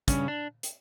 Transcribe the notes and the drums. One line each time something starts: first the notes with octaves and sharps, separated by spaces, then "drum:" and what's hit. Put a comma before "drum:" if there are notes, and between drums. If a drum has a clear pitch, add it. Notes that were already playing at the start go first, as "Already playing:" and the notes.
G2 C#3 C#4, drum: kick, hi-hat
D4
drum: hi-hat